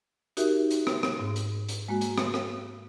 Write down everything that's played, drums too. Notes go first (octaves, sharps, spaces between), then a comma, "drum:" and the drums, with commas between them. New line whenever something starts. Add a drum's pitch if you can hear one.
D#4 F#4 G4 A#4 E5, drum: hi-hat
drum: hi-hat
drum: rim click
drum: rim click
G#2
drum: hi-hat
drum: hi-hat
G#3 A#3 F#4
drum: hi-hat
drum: rim click
drum: rim click